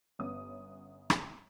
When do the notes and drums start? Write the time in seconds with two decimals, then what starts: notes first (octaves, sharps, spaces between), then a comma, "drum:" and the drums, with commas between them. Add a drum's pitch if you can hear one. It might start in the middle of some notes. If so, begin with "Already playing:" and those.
0.19 G1 B3 C#4 D#6
1.10 drum: rim click